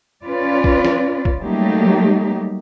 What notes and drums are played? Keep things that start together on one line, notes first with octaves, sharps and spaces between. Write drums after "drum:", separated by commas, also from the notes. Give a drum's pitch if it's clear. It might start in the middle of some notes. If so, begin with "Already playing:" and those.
C#4 F4 B4 D5
drum: kick
drum: snare
drum: kick
F#3 G3 A3 A#3 D#4 G4